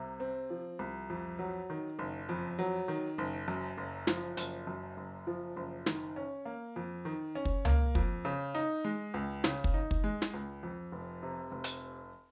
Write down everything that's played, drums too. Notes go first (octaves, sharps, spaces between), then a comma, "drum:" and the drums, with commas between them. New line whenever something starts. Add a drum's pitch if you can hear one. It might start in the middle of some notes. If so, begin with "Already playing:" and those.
Already playing: C2 C3
C4
F3
C2
F2
F#3
D#3
F#1
F2
F#3
D#3
F#1
F#2
F#1
F3, drum: snare
F#1, drum: hi-hat
F#2
F#1
F3
F#1
D#3, drum: snare
C#4
A#3
F2
D#3
C#4
drum: kick
A#3, drum: tom C#2
F2, drum: kick
C#3
D#4
G#3
C#2
C#3, drum: snare
drum: kick
D#4
drum: kick
G#3
drum: snare
C#2
F2
F1
C3
F1
drum: hi-hat